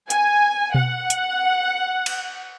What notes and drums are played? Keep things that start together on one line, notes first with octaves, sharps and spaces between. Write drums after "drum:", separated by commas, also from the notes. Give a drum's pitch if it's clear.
G#5, drum: hi-hat
F#5, drum: tom B2
drum: hi-hat
drum: cymbal